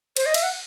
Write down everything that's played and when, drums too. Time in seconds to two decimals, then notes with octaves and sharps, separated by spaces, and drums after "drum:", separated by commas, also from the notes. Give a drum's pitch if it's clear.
0.17 C5, drum: cymbal
0.26 D#5
0.34 E5, drum: cymbal
0.43 F#5